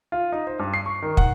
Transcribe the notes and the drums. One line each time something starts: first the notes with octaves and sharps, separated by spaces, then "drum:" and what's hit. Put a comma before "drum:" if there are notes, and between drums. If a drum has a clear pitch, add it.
F4
D#4
C5
G2
C7
C#6
D#3
F#5, drum: kick